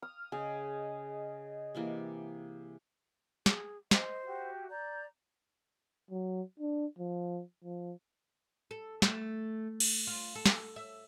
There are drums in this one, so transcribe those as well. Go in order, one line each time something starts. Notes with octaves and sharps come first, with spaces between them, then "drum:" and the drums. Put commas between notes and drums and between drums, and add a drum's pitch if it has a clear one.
D#6 F6
C#3 G#4 D#5
C3 E3 A#3
G#4, drum: snare
C5 D#5, drum: snare
F#4 G4 E5
D5 A#5 G6
F#3
D4
F3
F3
A4
A3, drum: snare
drum: cymbal
F4
A4
drum: snare
E5